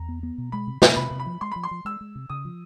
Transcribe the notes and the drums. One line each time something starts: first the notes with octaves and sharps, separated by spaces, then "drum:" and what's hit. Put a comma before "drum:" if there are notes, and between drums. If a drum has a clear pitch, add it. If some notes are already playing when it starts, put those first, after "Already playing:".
Already playing: E2 A#5
B3
B3
B2
G#3 B5
C3
C3, drum: snare
C3 B5
C3
B5
F3
G#3 C6
F3 B5
C6
F3
G#3 E6
G#3
C3
C#3 D#6
F3